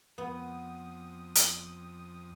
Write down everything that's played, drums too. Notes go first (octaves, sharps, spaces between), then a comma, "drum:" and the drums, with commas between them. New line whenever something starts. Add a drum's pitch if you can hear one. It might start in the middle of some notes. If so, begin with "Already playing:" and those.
F2 B3 D#6
drum: hi-hat